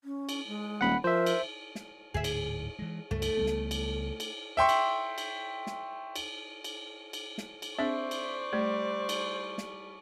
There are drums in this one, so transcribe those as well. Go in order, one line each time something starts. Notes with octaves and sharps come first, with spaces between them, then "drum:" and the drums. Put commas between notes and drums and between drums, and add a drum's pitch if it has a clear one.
C#4
drum: cymbal
G#3
D#1 F#5 B5
F3 A#4 C5 E5
drum: cymbal
drum: snare
D1 D2 G#2 G#4 E5
drum: cymbal
E3 G#3
C#2 G2 A3
drum: cymbal
C#2 G3 B3
drum: snare
drum: cymbal
drum: cymbal
E5 G5 C6 C#6
drum: cymbal
drum: cymbal
drum: snare
drum: cymbal
drum: cymbal
drum: cymbal
drum: snare
drum: cymbal
C4 D4 G#4 C5 D5 E5 C#6
drum: cymbal
G3 A3
drum: cymbal
drum: snare